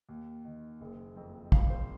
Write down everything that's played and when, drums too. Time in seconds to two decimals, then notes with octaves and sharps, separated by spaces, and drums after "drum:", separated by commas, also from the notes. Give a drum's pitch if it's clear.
0.09 D#2
0.45 D#3
0.81 F#1
1.17 F2
1.52 G#1 F5, drum: kick
1.70 C5